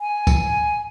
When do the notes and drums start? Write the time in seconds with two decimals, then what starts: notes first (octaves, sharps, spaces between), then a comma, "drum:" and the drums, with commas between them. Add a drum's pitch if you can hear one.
0.01 G#5
0.27 drum: kick C#2, tambourine